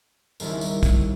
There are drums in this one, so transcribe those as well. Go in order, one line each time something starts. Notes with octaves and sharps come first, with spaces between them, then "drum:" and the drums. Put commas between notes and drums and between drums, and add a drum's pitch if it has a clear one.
F#1 D#2 D#3 G3 C4 E4, drum: tambourine
drum: tambourine
drum: kick, tambourine